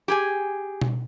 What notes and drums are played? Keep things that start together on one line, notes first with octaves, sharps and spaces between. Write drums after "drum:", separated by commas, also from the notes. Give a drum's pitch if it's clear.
G4 G#4 G#5
drum: tom B2